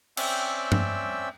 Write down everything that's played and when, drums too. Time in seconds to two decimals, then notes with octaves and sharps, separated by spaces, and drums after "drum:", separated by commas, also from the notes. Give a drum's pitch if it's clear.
0.17 C4 C#4 D5 E5 G5 E6, drum: cymbal
0.72 drum: tom G2